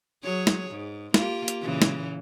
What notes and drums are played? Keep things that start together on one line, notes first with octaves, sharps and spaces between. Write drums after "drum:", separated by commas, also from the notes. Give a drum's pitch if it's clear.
F#3 G#4 C#5
drum: snare
G#2
A#3 F4 G4, drum: snare
drum: hi-hat
A#2 C#3 E3
drum: snare